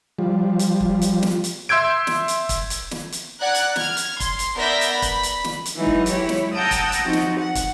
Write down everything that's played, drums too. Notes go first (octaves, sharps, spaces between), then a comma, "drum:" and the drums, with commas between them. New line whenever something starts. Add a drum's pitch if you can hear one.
F3 G3
drum: hi-hat
drum: kick
drum: hi-hat
drum: snare
drum: hi-hat
E5 C6 E6 G6 G#6 D7
drum: snare
drum: hi-hat
drum: kick, hi-hat
drum: hi-hat
drum: snare
drum: hi-hat
D5 F#5 A#5 F#6 G#6
drum: hi-hat
F6 G#6, drum: snare
drum: hi-hat
C6, drum: kick, hi-hat
drum: hi-hat
B3 A#4 D5 E5 G6 A#6
drum: hi-hat
B5
drum: kick, hi-hat
drum: hi-hat
drum: snare
drum: hi-hat
E3 F#3 G#3 B3 D#4
drum: kick
F#3 G#3 E4 G4 C#5, drum: hi-hat
drum: snare
F#5 G5 A5 A#5 D#6 E6
drum: kick, hi-hat
drum: hi-hat
F3 C4 D#4 F#4
drum: snare
F#5
drum: kick, hi-hat